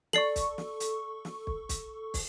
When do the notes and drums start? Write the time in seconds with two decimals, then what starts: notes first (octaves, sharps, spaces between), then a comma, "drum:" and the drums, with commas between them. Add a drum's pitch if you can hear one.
0.13 A4 D5 C#6 C7 F#7, drum: snare
0.36 drum: kick, hi-hat
0.58 drum: snare
0.80 drum: hi-hat
1.25 drum: snare
1.47 drum: kick
1.69 drum: kick, hi-hat
2.14 drum: kick, open hi-hat